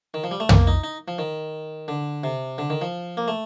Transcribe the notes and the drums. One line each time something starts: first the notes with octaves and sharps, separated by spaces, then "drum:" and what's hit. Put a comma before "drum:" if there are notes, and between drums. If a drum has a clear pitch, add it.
D#3
F3
G3
A3
A#3, drum: tom
D#4
D#4
F3
D#3
D3
C3
D3
D#3
F3
A#3
A3